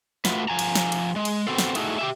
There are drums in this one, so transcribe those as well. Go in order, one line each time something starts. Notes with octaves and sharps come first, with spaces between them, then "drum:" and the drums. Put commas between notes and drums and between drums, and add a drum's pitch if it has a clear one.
A3 F4 F#4 B4, drum: snare
F3 G#5 A#5
drum: cymbal
drum: snare
drum: cymbal
G#3
drum: cymbal
B3 C4 F#4 A4 C5
drum: snare
A3 D#4 E4 F#4 G#4 A4, drum: cymbal
G4 G#4 E5